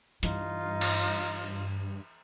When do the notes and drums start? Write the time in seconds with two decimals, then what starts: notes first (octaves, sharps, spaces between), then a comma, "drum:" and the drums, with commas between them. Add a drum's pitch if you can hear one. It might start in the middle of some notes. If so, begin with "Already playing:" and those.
0.23 G2 E3 D#4 F4, drum: hi-hat
0.81 drum: cymbal